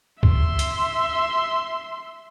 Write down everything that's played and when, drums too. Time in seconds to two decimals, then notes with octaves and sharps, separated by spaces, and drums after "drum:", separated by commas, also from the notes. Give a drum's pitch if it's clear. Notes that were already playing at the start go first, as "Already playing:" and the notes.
0.23 E5 C6, drum: kick
0.59 drum: hi-hat